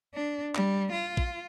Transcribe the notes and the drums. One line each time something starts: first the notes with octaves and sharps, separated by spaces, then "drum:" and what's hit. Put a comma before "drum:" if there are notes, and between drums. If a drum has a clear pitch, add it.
D4
G3, drum: clap
F4
drum: kick